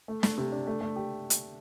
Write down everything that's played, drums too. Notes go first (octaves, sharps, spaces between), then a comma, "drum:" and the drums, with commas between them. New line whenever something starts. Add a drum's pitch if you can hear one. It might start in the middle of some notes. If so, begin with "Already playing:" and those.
A3
A3, drum: snare
C3
D4
A3
A3
G4
drum: hi-hat